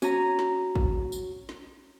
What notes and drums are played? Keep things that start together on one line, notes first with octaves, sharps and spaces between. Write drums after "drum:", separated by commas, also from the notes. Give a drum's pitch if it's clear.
C#4 F#4 A#5, drum: tambourine
drum: snare
drum: kick
drum: tambourine
drum: snare